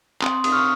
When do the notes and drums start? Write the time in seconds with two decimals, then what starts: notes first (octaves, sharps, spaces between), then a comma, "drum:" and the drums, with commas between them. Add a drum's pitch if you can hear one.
0.22 C4 C6 D#6, drum: clap
0.44 C4 D#6, drum: cymbal
0.52 C#6 F6